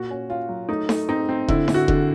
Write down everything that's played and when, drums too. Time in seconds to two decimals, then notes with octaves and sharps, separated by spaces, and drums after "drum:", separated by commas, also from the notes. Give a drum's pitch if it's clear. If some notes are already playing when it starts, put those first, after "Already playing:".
Already playing: A#2 F#4
0.11 C#4
0.30 C#4 F4
0.49 F#3
0.69 A3 D#4
0.89 A3, drum: snare D#4
1.09 C4 D#4
1.29 C4
1.48 D3 E4, drum: kick F1
1.68 D3, drum: snare D#4
1.74 F#4
1.88 D3, drum: kick F1